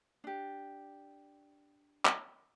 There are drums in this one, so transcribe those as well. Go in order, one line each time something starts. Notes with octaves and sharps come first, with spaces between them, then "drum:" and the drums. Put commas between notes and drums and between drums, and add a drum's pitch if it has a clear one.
D4 G4
drum: clap